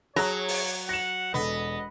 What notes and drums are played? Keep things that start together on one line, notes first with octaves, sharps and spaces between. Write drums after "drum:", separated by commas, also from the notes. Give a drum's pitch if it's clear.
F#3 G#4 C#5 A#5 F#6
drum: open hi-hat
F#5 A#6 E7
E1 B3 A4 D#5